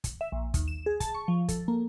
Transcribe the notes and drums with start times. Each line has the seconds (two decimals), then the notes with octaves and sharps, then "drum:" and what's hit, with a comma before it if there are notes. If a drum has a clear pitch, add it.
0.04 drum: kick, hi-hat
0.21 E5
0.32 A#1
0.54 D#2, drum: kick, hi-hat
0.68 E7
0.86 G#4
1.00 A5, drum: kick, hi-hat
1.14 C#6
1.28 F3
1.48 A4, drum: kick, hi-hat
1.68 A#3